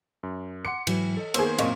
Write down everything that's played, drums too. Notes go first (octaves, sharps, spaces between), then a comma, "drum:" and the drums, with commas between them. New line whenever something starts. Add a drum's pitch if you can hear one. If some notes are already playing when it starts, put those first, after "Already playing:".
F#2
F#5 C6 D6 C#7
G#2 E3 F#3 B4, drum: cymbal
A4 D#5
D#3 A#3 B3 G#4 A#4 C5 C#6 E6, drum: cymbal
F#2 A#2 C4 A#4 D#5 F5 C#6, drum: cymbal